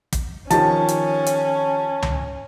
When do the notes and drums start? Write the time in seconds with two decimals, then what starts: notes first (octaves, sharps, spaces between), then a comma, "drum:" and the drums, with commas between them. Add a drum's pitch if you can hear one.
0.13 drum: kick, hi-hat
0.51 D#3 F3 C#4 G4 A5, drum: hi-hat
0.88 drum: hi-hat
1.26 drum: hi-hat
2.02 drum: tom C#2